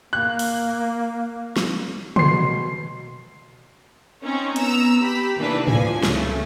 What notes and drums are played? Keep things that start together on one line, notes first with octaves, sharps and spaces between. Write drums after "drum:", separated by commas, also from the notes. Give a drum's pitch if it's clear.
A#3 F#6
drum: open hi-hat
drum: snare
B2 C6 C7, drum: tom
C4 C#4 D#4 C#5
B3 A#5 E6, drum: hi-hat
G4 B5
C3 D#3 E3 A#3 D4 B4
D2 F3 G#5, drum: tom
C#2 C#3 A3, drum: snare